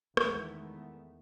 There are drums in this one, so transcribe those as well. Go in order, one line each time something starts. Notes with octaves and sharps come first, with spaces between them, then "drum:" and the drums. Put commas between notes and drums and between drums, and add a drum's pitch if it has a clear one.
E2 D#3 G#3 A3 B3, drum: rim click